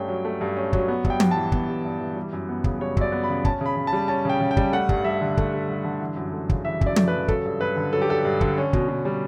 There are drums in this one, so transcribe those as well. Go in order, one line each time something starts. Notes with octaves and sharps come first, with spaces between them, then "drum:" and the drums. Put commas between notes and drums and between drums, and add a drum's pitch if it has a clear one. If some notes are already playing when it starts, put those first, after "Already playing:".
Already playing: G2 A3 C#4 G5
F#3
A3
G2
C#4
F#3, drum: kick
B3
G2, drum: kick
G5
G2, drum: tom
A5
E3
B3, drum: kick
G2
G2
E3
G3
F#2
B3
C#3, drum: kick
G3 C#5
F#2 D5, drum: kick
B3
B5
C#3
C#4 A5, drum: kick
C#3 B5
C#3
A5
G3
C#4 A5
C#3 G5
C#3
G5
G3, drum: kick
A3 F#5
G2, drum: kick
G2 E5
D3
A3, drum: kick
G2
G2
D3
E3
F#2
A3
C#3, drum: kick
E3 E5
F#2, drum: kick
D5
A3, drum: tom
B4
C#3
F#3 A4, drum: kick
G2
G2 B4
D3
F#3 A4
G4
G2 A4
G2
D3, drum: kick
C#4
B2, drum: kick
B2
G3